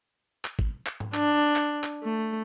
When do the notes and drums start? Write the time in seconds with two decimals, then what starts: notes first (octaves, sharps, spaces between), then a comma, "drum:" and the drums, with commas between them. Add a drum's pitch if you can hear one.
0.45 drum: clap
0.59 drum: kick G#1
0.86 drum: clap
1.00 drum: tom G#2
1.14 D4, drum: clap
1.56 drum: clap
1.84 drum: clap
2.03 A3